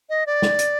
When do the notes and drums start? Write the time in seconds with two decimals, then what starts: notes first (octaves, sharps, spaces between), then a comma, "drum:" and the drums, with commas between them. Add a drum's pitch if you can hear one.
0.09 D#5
0.26 D5
0.42 drum: snare
0.59 drum: hi-hat